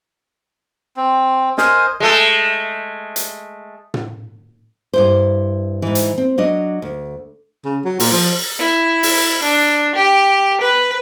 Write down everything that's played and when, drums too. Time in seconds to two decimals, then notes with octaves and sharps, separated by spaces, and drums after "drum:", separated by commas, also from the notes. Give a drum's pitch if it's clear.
0.97 C4
1.58 A#4 C5 D#5 G#5, drum: snare
2.00 G#3 A3 A4
3.16 drum: hi-hat
3.94 drum: tom
4.93 G2 E4 C5
5.82 G#2 E3
5.95 drum: hi-hat
6.18 C4
6.38 F#3 D4 D#5
6.82 D2
7.65 C#3
7.85 F#3
8.00 A#2, drum: open hi-hat
8.12 F3
8.59 E4
9.03 drum: open hi-hat
9.42 D4
9.95 G4
10.61 B4